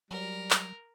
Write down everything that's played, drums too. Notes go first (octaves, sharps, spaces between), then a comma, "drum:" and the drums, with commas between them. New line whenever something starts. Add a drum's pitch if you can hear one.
F#3 G3 A#4
drum: clap